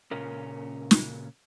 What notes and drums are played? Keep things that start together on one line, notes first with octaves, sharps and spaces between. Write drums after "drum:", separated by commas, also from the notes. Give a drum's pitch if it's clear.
A#2 C#3 C#4 A#4
drum: snare